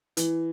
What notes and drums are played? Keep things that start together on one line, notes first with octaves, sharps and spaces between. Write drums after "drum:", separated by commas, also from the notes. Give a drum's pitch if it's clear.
E3, drum: hi-hat